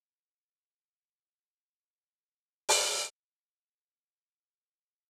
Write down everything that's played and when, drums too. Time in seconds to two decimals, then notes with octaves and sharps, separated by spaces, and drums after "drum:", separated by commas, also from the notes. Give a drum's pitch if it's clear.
0.12 A3 A#3 D4
2.20 A#4
2.69 drum: open hi-hat
3.98 C3
4.14 F4
4.28 B3
4.41 G4
4.56 B3
4.70 G#3
4.88 A3